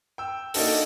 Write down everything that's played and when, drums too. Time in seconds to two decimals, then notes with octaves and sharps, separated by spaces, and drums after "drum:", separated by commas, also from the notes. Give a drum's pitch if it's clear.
0.18 G5 E6
0.54 A#3 D4 D#4 F#4 A4 A#4, drum: open hi-hat